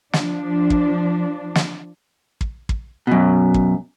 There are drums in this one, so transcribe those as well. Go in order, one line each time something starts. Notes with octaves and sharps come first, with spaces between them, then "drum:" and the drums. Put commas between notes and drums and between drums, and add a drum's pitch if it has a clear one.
F3 D4, drum: snare
drum: kick
drum: snare
drum: kick
drum: kick
F#2 B2
drum: kick